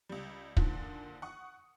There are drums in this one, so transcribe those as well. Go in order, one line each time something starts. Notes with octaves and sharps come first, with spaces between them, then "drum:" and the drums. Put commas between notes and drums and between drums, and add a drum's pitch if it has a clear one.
C#2 G3
A#2 D3 D#3 F3, drum: kick
F#5 C#6 D#6